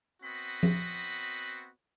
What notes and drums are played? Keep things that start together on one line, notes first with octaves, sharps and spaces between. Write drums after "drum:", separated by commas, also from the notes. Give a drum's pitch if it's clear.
B3 C4 F#4 D#5 B5
drum: tom F3